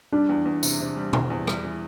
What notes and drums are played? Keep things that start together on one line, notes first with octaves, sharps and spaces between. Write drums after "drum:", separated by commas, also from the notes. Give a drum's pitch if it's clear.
G3 D4
E2
E2
C3, drum: tambourine
C3
G3
E2, drum: tom B2
E2
G3, drum: rim click
E3